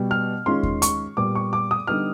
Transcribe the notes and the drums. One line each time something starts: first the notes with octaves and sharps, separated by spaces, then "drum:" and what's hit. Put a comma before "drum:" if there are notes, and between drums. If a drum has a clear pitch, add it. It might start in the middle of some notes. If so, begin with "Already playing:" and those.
Already playing: B2 G3 B3
F6
D#3 G#3 C#4 F4 C6
drum: kick D#2
C#6, drum: hi-hat
A#2 G3 B3 D6
C#6
D6
D#6
D3 G3 B3 D#4 F6